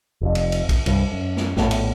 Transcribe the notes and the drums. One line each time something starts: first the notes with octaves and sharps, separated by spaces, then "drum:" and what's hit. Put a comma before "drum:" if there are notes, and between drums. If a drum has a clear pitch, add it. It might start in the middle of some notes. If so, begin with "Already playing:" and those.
F1 F2
drum: cymbal
drum: cymbal
drum: kick, cymbal
C2 G2, drum: cymbal
F#2
drum: snare
A#1 A2 A3 B3, drum: snare
drum: cymbal